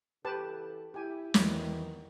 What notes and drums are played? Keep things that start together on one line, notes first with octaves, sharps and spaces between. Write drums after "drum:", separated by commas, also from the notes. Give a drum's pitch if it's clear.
C#3 E3 G4 A4 B4 A5
E4 G4 G#5
E2 D#3 E3, drum: snare